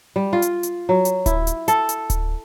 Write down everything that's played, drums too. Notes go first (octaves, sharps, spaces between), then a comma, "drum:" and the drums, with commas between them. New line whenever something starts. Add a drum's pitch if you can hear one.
G3
F4
drum: hi-hat
drum: hi-hat
F#3
drum: hi-hat
E4, drum: kick D1, hi-hat
drum: hi-hat
A4, drum: hi-hat
drum: hi-hat
drum: kick D1, hi-hat